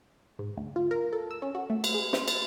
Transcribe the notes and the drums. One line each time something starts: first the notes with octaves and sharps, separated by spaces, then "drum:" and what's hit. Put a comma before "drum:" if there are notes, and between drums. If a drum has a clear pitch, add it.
G#2
D2
F4
A#4
A4
E6
C#4
F#4
A3
drum: cymbal
G#4
C6, drum: snare
A6, drum: cymbal